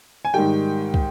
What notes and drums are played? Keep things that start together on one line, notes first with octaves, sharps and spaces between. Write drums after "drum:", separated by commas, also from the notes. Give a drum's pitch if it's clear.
G#5
G#2 D#3 G3 G5
drum: kick